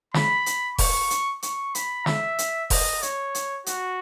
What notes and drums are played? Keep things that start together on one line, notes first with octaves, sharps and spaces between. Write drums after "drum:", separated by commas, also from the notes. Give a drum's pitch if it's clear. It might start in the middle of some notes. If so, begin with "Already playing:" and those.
B5, drum: snare
drum: hi-hat
C#6, drum: kick E1, open hi-hat
drum: hi-hat
C#6, drum: hi-hat
B5, drum: hi-hat
E5, drum: snare
drum: hi-hat
D#5, drum: kick E1, open hi-hat
C#5, drum: hi-hat
drum: hi-hat
F#4, drum: hi-hat